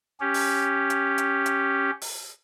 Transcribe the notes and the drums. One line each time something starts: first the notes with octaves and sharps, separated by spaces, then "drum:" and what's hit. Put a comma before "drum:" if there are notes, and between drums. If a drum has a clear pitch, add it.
C#4 G4
drum: open hi-hat
drum: hi-hat
drum: hi-hat
drum: hi-hat
drum: open hi-hat